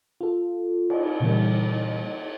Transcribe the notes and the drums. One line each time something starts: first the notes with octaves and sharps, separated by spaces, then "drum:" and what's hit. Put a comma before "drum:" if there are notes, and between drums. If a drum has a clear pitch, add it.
F4 A4
drum: cymbal
A#2 C#3 E3 G3 A#3